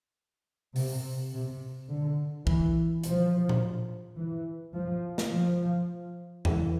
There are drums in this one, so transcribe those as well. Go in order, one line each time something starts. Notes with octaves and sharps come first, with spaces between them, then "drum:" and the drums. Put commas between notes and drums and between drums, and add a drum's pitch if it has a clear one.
C3, drum: open hi-hat
C3
D3
E3, drum: kick
F3, drum: hi-hat
drum: tom A#2
E3
F3
drum: snare
F3
E3, drum: tom E2